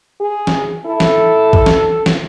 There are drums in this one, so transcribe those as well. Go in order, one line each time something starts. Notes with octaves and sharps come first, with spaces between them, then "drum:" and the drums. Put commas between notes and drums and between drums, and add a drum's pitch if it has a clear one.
G#4
drum: snare
E4 A4
drum: snare
drum: kick A1
drum: snare
drum: snare